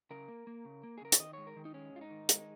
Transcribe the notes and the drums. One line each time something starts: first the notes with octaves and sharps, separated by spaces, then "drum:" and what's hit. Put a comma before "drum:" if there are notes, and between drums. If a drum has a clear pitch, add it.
C#3 A#4
A#3
A#3
C#3
A#3
G#4
C#3 A#4
C#5, drum: hi-hat
D#3 D#5
G#3 C#5
A#4
D#3
D#4
G#3 C#4
G#2 F4
D#4
D#3
G#3, drum: hi-hat